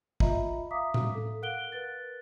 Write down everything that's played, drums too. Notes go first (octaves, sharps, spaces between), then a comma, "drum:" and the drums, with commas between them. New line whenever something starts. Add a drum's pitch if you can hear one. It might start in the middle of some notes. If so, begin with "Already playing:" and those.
F4 D#5 E5 A#5 B5, drum: kick
E5 F5 A#5 D6 D#6 B6
drum: tom A2
A4
A#4 F5 F#5 F#6 D7 G7
A#4 B4 F#6 A6